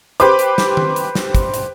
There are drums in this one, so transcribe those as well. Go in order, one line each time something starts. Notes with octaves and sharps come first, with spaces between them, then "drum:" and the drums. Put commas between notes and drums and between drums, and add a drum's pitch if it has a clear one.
G4 B4 C5 D6, drum: hi-hat
drum: hi-hat
drum: snare
drum: tom D#3
drum: hi-hat
drum: snare
drum: kick, hi-hat
drum: hi-hat